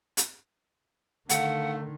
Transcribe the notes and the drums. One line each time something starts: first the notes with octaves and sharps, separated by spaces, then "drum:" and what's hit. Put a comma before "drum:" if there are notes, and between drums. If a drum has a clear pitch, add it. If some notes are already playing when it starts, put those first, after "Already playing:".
drum: hi-hat
D3 D#3 A3 F5 F#5, drum: hi-hat